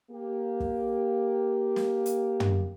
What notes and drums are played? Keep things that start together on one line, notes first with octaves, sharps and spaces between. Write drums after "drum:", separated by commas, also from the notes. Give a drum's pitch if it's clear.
A#3 G4
drum: kick
drum: snare
drum: hi-hat
drum: tom